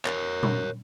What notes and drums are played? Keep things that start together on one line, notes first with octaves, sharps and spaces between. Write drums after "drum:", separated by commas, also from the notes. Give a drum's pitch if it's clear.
A#4 C#5, drum: clap
drum: tom A#2